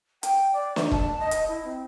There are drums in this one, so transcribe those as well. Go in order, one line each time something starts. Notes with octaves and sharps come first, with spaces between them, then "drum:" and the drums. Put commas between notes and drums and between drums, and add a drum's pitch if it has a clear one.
G5, drum: hi-hat
D5
E5, drum: snare
A5, drum: kick E1
D#5
drum: hi-hat
E4
C4